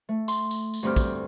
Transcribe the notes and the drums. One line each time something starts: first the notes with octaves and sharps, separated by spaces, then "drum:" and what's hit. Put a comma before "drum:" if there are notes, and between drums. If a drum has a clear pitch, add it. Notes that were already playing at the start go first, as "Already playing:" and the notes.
A3
C6, drum: tambourine
drum: tambourine
drum: tambourine
D2 G2 C4 G4 F6
drum: kick, tambourine